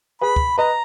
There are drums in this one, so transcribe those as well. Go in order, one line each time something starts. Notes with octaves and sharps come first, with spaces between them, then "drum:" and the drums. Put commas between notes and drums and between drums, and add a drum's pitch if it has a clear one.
G#4 B4 B5
drum: kick
B4 D#5 A#5